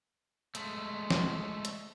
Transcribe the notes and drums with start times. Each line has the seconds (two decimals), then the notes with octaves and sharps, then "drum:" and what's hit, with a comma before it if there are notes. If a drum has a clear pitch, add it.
0.55 G#3 A3, drum: hi-hat
1.10 drum: snare
1.65 drum: hi-hat